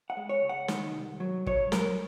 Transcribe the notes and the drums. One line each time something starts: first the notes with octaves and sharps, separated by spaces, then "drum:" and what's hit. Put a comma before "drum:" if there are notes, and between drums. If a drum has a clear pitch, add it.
F#5
G#3
C#5
C#2
F#5
D#3, drum: snare
C2
F#3
F#3 C#5, drum: kick
F#3 A#4, drum: snare